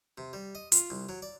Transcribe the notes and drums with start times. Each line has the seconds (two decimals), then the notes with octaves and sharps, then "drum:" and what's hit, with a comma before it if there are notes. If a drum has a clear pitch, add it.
0.18 C3
0.33 G3
0.55 D#5
0.72 F4, drum: hi-hat
0.90 C2
1.09 F#3
1.22 D5